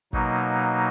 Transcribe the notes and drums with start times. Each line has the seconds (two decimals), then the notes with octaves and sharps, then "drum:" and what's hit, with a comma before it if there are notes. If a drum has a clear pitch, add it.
0.13 B2 F#3 A#3 D#4, drum: kick